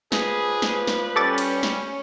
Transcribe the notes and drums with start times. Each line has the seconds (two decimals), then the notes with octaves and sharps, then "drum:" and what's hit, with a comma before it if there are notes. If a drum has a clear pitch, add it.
0.12 F3 D4 G#4 B4, drum: snare
0.62 drum: snare
0.87 drum: snare
1.16 G3 C#4 A4 D6 A6
1.38 drum: cymbal
1.63 drum: snare